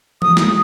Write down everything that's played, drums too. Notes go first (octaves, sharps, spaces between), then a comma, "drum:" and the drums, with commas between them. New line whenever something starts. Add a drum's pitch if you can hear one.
D#6, drum: tom E3
D#6, drum: snare